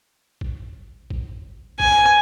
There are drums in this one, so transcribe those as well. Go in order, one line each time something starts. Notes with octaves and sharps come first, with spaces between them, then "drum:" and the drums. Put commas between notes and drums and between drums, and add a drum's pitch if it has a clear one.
drum: kick
drum: kick
G#5, drum: kick